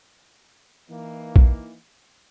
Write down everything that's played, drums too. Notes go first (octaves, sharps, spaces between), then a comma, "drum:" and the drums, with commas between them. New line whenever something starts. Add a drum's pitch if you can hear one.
E3 A#3 D#4
drum: kick A#1